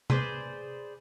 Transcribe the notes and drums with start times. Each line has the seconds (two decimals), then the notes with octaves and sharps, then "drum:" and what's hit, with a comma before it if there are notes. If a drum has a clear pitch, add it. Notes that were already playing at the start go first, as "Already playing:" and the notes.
0.10 G#4 B4 C5 D5, drum: tom C3